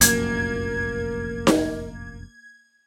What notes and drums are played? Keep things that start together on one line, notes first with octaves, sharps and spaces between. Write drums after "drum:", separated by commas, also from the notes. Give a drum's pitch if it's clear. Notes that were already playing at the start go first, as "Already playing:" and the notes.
F1 A#1 F#2 A#3 A#4 G#6, drum: hi-hat
drum: snare D#4